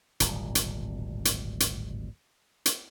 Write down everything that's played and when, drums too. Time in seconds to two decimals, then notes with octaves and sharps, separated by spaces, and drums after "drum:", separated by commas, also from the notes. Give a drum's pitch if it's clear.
0.20 D1 G#1 A#2 G3, drum: hi-hat
0.55 drum: hi-hat
1.25 drum: hi-hat
1.60 drum: hi-hat
2.66 drum: hi-hat